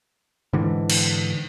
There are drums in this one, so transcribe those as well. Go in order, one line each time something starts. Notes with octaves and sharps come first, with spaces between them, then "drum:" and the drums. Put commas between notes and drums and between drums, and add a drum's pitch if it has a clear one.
G#2 D3 E3
drum: cymbal